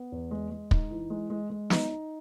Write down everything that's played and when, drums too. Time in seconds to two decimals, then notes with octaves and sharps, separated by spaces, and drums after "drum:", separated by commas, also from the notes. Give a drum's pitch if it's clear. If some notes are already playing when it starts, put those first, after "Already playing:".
Already playing: B3
0.12 E2
0.31 G#3
0.50 G#3
0.71 D#4, drum: kick
0.91 E3
1.10 G#3
1.30 G#3
1.50 G#3
1.70 D#4, drum: snare
1.89 D#4